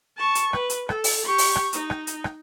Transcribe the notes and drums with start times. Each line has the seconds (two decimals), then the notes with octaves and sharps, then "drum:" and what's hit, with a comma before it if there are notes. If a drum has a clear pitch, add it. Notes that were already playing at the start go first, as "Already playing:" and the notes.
0.17 A5 C#6
0.35 drum: hi-hat
0.53 B4, drum: rim click
0.70 drum: hi-hat
0.89 A4, drum: rim click
1.04 drum: open hi-hat
1.25 G4 C#6
1.38 drum: open hi-hat
1.55 drum: rim click
1.73 D#4, drum: hi-hat
1.90 drum: rim click
2.07 drum: hi-hat
2.24 drum: rim click